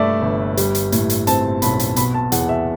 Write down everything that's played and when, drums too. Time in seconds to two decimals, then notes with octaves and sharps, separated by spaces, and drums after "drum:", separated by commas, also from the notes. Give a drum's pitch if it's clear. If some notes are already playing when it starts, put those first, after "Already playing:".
Already playing: G2 A3 D5 E5
0.22 G1
0.57 G3, drum: hi-hat
0.75 drum: hi-hat
0.92 A2, drum: hi-hat
1.10 drum: hi-hat
1.27 C4 A5, drum: hi-hat
1.62 B1 B5, drum: hi-hat
1.80 drum: hi-hat
1.96 B2 B5, drum: hi-hat
2.14 A5
2.32 E2 F#5, drum: hi-hat
2.49 E5